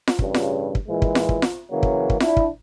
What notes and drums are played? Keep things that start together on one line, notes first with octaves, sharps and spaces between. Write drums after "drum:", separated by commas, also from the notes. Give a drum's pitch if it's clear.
drum: snare F4
A1 G2 C#3, drum: kick
drum: snare F4
drum: kick
A#2 E3 G#3
drum: kick
drum: snare F4
drum: kick
drum: snare F4
C#3 E3 F#3 A#3
drum: kick
drum: kick
D4 E4, drum: snare F4
drum: kick